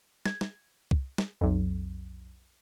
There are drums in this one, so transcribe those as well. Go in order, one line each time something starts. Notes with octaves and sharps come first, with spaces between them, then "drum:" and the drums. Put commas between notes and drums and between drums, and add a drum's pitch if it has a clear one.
G#6, drum: snare
drum: snare
drum: kick C2
drum: snare
B1 F2